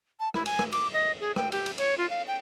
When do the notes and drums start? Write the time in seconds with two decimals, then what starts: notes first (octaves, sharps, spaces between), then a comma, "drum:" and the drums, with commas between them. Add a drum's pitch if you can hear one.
0.20 A5
0.34 E4, drum: rim click
0.46 G#5, drum: cymbal
0.59 drum: rim click
0.72 D6, drum: cymbal
0.93 D#5
1.21 G#4
1.36 G5, drum: rim click
1.52 G4, drum: cymbal
1.66 drum: cymbal
1.78 C#5, drum: cymbal
1.98 F4
2.10 F5
2.27 G5